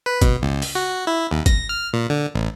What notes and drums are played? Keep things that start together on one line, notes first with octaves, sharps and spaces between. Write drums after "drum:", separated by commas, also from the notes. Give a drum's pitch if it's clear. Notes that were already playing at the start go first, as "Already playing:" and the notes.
B4
B2, drum: kick, hi-hat
C#2
drum: open hi-hat
F#4
E4
D#2
A#6, drum: kick, hi-hat
F6
A#2
D3
A1